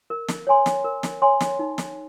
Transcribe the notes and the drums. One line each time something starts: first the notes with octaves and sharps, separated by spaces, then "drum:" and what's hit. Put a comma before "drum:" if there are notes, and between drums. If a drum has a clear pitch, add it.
A#4
drum: snare
C#5 G#5 C6
drum: snare
A#4
drum: snare
C#5 G#5 C6
drum: snare
D#4
drum: snare